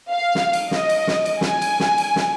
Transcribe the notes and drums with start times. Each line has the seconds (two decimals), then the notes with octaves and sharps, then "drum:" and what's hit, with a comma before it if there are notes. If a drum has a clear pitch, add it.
0.12 F5
0.35 drum: snare
0.53 drum: cymbal
0.71 D#5, drum: snare
0.89 drum: cymbal
1.07 drum: snare
1.25 drum: cymbal
1.41 G#5, drum: snare
1.62 drum: cymbal
1.80 drum: snare
1.98 drum: cymbal
2.16 drum: snare